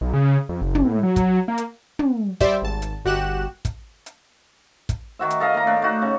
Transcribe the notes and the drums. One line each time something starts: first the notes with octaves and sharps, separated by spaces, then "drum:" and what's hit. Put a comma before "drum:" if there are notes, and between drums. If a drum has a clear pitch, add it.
B1
C#3
F2
F#1
drum: tom
A2
F#3
drum: kick, hi-hat
A#3
drum: hi-hat
drum: tom
G3 G4 C5 D5 E5, drum: kick, hi-hat
G#1 A5
drum: hi-hat
G1 F#4 G4 F#6 E7
drum: kick, hi-hat
drum: hi-hat
drum: kick, hi-hat
D#3 F#4 E5
drum: hi-hat
A4 D#5 F5 A5
A#3 A#5
A3 D4
A3 D#4 F#4
C#3